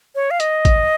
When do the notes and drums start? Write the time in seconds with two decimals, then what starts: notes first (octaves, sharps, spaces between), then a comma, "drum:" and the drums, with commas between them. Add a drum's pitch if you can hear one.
0.15 C#5
0.31 F5
0.40 D#5, drum: hi-hat
0.65 drum: kick A1, hi-hat